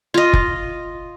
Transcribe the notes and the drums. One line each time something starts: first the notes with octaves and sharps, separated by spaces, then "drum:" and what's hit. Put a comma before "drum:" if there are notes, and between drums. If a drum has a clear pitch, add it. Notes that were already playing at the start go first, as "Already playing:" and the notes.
F4 D#5
drum: kick